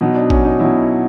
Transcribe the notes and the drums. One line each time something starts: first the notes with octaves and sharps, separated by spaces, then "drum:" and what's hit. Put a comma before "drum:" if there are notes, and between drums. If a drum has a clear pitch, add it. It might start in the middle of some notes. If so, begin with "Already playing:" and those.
B2 F#3 D#4
D4
C#4, drum: kick
D#4
B2 F#3 E4